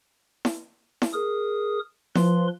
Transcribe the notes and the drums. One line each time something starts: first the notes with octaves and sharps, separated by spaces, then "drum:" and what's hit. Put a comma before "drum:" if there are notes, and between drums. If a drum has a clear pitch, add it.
drum: snare E4
drum: snare E4
G#4 A#4 D#6
F3 B4 C6, drum: snare E4